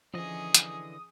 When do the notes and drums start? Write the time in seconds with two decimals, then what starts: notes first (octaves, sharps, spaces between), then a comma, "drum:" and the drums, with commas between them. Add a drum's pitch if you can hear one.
0.14 D3 E3 F3 C#4 G#4 D#5 D#6
0.54 drum: hi-hat